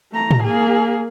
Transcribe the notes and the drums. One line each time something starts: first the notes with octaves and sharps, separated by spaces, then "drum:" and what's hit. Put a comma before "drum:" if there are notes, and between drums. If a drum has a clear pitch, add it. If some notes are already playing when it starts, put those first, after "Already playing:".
A3 A#5
drum: tom
A#3 G#4